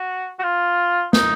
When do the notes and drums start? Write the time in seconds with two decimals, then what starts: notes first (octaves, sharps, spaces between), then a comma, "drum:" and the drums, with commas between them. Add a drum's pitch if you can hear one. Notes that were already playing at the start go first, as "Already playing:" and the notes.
Already playing: F#4
0.39 F#4
0.43 F4
1.13 D#4, drum: snare